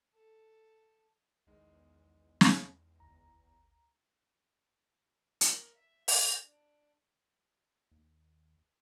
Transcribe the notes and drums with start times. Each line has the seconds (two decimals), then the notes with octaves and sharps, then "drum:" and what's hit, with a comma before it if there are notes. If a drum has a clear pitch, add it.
0.14 A4
1.47 B1 E2 D#3 G#3
2.41 drum: snare
3.00 G1 D2 A#5
5.41 A#4, drum: hi-hat
5.75 E5
6.08 C#4, drum: open hi-hat
6.41 D4
7.91 D#2